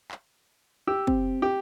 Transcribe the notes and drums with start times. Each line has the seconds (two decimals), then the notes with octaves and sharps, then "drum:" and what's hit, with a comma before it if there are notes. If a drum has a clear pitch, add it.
0.11 drum: clap
0.87 G4 E6
1.07 C4, drum: kick
1.42 G4